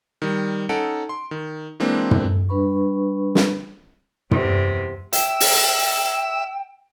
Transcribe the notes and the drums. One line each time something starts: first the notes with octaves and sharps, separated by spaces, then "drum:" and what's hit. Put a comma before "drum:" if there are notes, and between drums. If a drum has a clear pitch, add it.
D#3 G3
C#4 D#4 A4 F#5 D7
C6
D#3
E3 G#3 A#3 C4 D4
drum: tom
G3 D4 B4 B5 C#6
drum: snare
E2 C3, drum: tom
E5 G5, drum: hi-hat
drum: open hi-hat